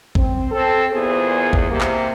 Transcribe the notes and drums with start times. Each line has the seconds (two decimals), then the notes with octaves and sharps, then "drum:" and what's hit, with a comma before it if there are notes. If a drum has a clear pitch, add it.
0.15 C4, drum: kick A1
0.52 C4 A4
0.92 E2 A#2 B3 G#4 C5
1.53 drum: kick A1
1.68 C3 A#3
1.81 drum: clap